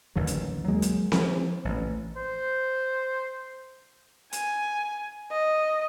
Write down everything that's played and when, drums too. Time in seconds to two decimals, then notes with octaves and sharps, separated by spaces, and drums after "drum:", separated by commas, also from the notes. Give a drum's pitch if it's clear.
0.16 A1 D#2 D3 F#3
0.27 drum: hi-hat
0.68 F#3 G#3 A#3
0.82 drum: hi-hat
1.12 F3, drum: snare C4
1.65 A1
2.16 C5
4.32 G#5, drum: hi-hat
5.32 D#5